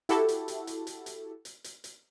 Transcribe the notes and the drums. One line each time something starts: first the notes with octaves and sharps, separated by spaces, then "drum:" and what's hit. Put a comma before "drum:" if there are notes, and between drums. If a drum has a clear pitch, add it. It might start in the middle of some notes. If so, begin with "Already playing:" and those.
E4 F#4 G4 A4, drum: hi-hat
drum: hi-hat
drum: hi-hat
drum: hi-hat
drum: hi-hat
drum: hi-hat
drum: hi-hat
drum: hi-hat
drum: hi-hat